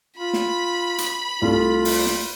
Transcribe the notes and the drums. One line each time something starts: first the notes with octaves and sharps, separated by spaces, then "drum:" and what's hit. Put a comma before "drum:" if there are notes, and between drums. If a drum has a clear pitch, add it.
F4 B5
drum: snare
drum: hi-hat
C2 A3 F4
drum: open hi-hat
drum: snare